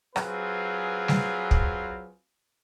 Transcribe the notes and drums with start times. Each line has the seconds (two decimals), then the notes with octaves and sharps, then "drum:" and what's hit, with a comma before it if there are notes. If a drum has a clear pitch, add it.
0.16 F#3 C4 F4 G#4 B4, drum: rim click
1.08 drum: snare G3
1.51 drum: kick